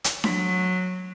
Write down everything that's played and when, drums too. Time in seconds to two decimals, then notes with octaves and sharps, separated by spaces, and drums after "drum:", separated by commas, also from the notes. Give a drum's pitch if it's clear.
0.04 drum: hi-hat
0.24 F#3, drum: snare D4